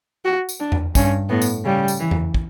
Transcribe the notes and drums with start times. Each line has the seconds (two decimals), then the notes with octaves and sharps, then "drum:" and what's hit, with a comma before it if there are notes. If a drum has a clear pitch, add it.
0.25 F#4
0.49 drum: tambourine
0.60 D4
0.72 drum: tom E2
0.95 G2 C#4, drum: kick, tambourine
1.30 A2 B3
1.42 drum: tambourine
1.64 C#3 G3
1.88 drum: tambourine
2.00 E3
2.11 drum: tom E2
2.34 drum: kick